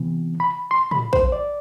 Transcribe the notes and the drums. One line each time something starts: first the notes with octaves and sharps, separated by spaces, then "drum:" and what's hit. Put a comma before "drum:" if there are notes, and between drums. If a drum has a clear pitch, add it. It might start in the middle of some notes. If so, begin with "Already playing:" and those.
Already playing: C3 E3 B3
B5
C6
B5, drum: tom
C5, drum: kick A#1
D5